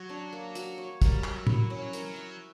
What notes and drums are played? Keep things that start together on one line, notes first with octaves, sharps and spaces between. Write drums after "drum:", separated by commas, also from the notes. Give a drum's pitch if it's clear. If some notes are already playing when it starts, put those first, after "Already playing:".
Already playing: F#3 F#4 C#5
D4
A#3
F#4, drum: hi-hat
C#5
G3 A#4, drum: kick, hi-hat
E5, drum: clap
F#3
E4, drum: tom A2
F#3 C#4
A#4, drum: hi-hat
F#3
E5